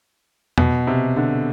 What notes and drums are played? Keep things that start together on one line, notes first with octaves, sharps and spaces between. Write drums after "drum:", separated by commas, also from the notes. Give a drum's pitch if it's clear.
B2, drum: tom E2
C3
D3